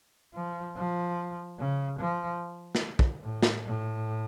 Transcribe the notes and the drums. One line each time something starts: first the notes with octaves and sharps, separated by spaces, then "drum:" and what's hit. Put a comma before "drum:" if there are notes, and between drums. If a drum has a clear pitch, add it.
F3
F3
C#3
F3
drum: snare
drum: kick
A2
drum: snare
A2